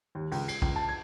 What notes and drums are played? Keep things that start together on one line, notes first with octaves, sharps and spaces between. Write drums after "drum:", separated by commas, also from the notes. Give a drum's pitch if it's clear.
D#2
C#2, drum: open hi-hat
C7, drum: cymbal
C#2, drum: kick
A5
G#6